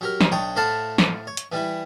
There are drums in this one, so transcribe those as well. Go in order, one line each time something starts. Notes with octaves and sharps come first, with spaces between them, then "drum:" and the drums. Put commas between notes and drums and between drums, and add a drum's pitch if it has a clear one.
F#3 G4 A#4
drum: snare
B1 D4 C#5 G5 D6 D#6
A2 A3 C5 F5 F#5 A5
drum: snare
C#5
drum: hi-hat
E3 G3 E4